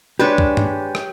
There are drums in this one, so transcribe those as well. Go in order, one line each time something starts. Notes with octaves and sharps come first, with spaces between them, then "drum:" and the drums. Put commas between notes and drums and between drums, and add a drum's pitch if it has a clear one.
G#3 D4 G4 B4 C#5
drum: kick C#2
drum: tom G2
drum: rim click